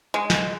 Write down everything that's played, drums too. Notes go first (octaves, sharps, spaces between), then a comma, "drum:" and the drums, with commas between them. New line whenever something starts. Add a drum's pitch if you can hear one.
G#3
drum: snare